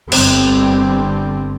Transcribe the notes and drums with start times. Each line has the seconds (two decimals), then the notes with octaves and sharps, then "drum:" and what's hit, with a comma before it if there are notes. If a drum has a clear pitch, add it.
0.12 G1 D3 G3 C4, drum: cymbal